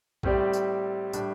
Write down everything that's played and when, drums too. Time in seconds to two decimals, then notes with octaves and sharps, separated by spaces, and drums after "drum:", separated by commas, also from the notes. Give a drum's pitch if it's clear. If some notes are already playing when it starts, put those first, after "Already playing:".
0.23 A2 G3 C4 G4 D5, drum: kick A#1
0.53 drum: tambourine
1.13 A2 G3 D4, drum: tambourine